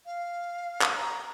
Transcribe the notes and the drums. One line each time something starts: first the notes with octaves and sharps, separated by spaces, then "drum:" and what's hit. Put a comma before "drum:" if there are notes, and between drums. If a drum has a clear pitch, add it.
F5
drum: clap
A#5